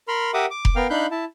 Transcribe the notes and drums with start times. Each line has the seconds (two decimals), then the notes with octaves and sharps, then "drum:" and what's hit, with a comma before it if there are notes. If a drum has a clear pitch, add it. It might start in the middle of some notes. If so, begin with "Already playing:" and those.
0.08 A#4 B5 C6 F6
0.34 G4 A#4 E5 F#5 D6 D#6
0.50 D6
0.65 drum: kick F1
0.76 B3 A#4 F5 G5 F6
0.90 D4 D#4 F5 B5 F#6 G6
1.11 E4 A5